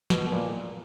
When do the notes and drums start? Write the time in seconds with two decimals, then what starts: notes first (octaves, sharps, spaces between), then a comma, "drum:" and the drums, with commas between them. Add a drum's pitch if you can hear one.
0.10 B2, drum: snare
0.32 A#2